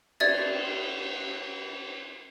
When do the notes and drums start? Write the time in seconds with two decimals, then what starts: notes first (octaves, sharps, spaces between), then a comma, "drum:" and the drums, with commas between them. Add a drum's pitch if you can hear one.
0.20 D5 E5 G#6 A6, drum: cymbal